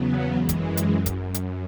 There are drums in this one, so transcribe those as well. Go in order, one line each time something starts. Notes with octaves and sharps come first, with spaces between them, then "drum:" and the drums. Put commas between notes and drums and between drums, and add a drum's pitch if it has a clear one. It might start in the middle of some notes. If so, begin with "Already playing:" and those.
Already playing: E2 C#3 F#3 B3
F#2 E3 G#3
drum: kick, hi-hat
drum: hi-hat
F#2
drum: kick, hi-hat
drum: hi-hat